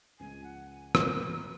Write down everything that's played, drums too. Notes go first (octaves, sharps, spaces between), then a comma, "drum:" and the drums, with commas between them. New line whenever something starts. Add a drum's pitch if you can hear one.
C#2 C#3 F3 G#3 G#5
F#5
G#5
A#5, drum: rim click
A#5
B5
A#5